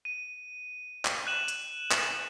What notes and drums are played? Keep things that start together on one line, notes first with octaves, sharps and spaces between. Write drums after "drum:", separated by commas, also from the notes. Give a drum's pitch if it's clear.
D#7
drum: clap
F#6 D#7 E7 F#7
drum: hi-hat
drum: clap